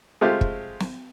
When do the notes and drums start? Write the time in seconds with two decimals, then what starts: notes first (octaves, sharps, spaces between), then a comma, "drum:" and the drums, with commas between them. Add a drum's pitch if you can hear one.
0.21 G#3 A3 C4 F4 G4
0.41 drum: kick
0.81 drum: snare